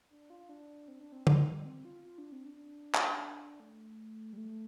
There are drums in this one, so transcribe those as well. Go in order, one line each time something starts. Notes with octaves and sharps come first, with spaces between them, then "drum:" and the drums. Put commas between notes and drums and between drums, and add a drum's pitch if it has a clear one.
D4
F4
D4
C4
D4
C4
G3, drum: tom
G3
C4
F4
F4
D4
C4
D4
drum: clap
A3
G3
A3